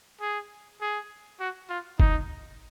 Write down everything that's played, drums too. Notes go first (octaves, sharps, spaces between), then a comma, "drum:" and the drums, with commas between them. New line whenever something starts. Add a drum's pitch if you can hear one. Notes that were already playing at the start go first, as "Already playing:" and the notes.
G#4
G#4
F#4
F4
D#4, drum: kick